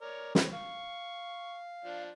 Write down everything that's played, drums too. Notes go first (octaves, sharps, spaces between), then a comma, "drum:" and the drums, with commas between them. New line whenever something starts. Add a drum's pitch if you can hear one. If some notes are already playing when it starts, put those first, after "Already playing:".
A#4 C#5 D5
C4 B4 C#5, drum: snare
F5 C#6
F3 D4